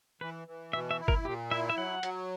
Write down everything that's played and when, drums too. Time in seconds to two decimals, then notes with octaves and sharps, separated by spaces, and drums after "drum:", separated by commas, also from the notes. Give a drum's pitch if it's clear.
0.21 E3 B4
0.48 E3
0.73 B2 E5
0.91 E5
1.00 E4
1.08 A#4, drum: kick
1.25 A#2 G4
1.51 E4 E5
1.70 E5
1.77 F#3 F#5
2.03 F#3, drum: hi-hat